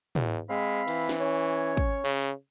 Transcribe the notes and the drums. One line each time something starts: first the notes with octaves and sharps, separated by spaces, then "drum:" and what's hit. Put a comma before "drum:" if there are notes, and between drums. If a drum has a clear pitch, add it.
E2, drum: tom
G#3 C4 F5 B5
E3, drum: cymbal
drum: snare
C#4 C#5
drum: kick
C#3
drum: hi-hat